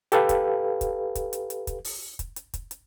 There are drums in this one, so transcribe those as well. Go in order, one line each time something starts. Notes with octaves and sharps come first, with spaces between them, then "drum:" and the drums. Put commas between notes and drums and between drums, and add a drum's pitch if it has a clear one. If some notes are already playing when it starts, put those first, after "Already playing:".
G4 A4 B4 F5, drum: hi-hat
drum: kick, hi-hat
drum: kick, hi-hat
drum: kick, hi-hat
drum: hi-hat
drum: hi-hat
drum: kick, hi-hat
drum: open hi-hat
drum: kick, hi-hat
drum: hi-hat
drum: kick, hi-hat
drum: hi-hat